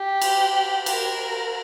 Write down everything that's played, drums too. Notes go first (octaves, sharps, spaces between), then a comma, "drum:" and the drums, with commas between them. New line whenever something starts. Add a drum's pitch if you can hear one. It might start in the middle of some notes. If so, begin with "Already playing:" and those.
Already playing: G4
drum: cymbal
A#4, drum: cymbal